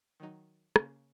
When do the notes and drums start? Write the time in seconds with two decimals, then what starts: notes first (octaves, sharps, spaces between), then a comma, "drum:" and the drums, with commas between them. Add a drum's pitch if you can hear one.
0.20 D#3 F#3 D#4
0.76 C#3 A#3 C#4, drum: rim click